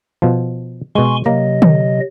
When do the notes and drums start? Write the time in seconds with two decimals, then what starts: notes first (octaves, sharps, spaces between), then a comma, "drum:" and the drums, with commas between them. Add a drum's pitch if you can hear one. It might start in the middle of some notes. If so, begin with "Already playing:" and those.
0.22 B2 F3
0.95 B2 G#3 G#5 C6 C#6
1.26 C3 F#3 A#3 D#5
1.62 drum: tom D3